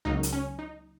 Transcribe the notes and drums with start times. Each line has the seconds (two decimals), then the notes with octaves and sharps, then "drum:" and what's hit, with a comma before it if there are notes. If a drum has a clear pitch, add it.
0.05 C#2 C#3 F#3 A#3 D#4
0.23 drum: hi-hat
0.33 C#4
0.59 D#4